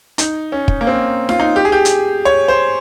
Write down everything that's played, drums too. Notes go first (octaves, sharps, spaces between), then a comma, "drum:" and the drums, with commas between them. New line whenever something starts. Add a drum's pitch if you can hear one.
D#4, drum: hi-hat
C#4
drum: kick
A#3
C4
F4, drum: snare D#4
D#4
G4
G#4
G4
drum: hi-hat
C#5
C5